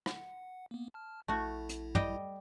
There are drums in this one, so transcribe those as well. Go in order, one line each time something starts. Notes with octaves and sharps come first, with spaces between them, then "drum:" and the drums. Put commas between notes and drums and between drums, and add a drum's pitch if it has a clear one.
F#5, drum: rim click
A#3 B3
A5 F6
A#1 A3 E4 F#4
drum: hi-hat
G3 D#5 G5, drum: tom